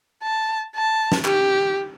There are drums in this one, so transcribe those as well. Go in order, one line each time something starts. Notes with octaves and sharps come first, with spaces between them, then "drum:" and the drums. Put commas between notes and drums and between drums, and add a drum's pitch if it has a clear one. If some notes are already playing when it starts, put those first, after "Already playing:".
A5
A5
drum: snare
G4, drum: clap